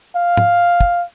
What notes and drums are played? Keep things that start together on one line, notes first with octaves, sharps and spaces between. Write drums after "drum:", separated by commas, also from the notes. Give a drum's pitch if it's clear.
F5
drum: tom
drum: kick